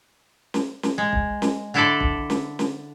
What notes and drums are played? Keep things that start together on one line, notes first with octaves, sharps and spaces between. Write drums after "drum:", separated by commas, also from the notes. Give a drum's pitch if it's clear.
drum: snare
drum: snare
G#3
drum: kick
drum: snare
D3 D4 E4 A4 D5
drum: kick
drum: snare
drum: snare